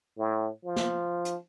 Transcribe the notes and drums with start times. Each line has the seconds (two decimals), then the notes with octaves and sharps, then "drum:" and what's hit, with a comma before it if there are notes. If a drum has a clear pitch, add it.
0.18 A2
0.65 F3
0.76 drum: snare
1.25 drum: hi-hat